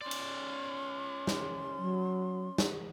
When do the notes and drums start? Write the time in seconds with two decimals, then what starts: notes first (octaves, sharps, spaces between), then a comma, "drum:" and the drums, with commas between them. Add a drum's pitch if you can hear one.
0.01 C#4 D5 C6
0.11 drum: cymbal
1.27 drum: snare
1.78 F#3
2.58 drum: snare